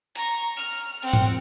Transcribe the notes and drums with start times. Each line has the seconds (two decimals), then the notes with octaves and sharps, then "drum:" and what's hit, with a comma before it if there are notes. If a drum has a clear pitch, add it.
0.15 A#5 C#6, drum: hi-hat
0.56 F6
1.02 C4 F#5
1.13 drum: tom